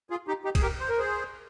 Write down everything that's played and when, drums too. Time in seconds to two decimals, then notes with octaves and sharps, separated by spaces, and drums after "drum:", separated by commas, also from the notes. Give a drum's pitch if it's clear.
0.10 F4 G#4
0.28 D#4 G4
0.44 D#4 G4
0.55 G#4, drum: kick, cymbal
0.62 G4 A#4
0.80 C5
0.89 A#4
0.99 G#4 C5